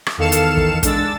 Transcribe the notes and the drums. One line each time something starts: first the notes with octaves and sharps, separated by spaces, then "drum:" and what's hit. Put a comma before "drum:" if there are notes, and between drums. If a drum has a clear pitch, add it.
drum: rim click
E2 D#3 A4 F5 C#7 E7
drum: hi-hat
drum: kick
G#3 D4 E6 A6, drum: kick, hi-hat